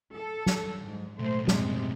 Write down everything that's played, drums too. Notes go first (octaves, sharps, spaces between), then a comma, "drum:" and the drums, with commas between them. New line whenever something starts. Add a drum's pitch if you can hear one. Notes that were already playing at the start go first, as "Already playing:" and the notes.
A4
drum: snare
G#2
B1 A2 A3 C5
F#2 C3 G#3, drum: snare